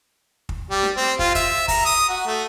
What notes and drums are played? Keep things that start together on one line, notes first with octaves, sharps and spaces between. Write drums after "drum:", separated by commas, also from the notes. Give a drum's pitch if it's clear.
drum: kick
G3
drum: snare
C4
F4, drum: kick
E5, drum: kick, hi-hat
A#5, drum: kick, open hi-hat
D#6
F#4
A3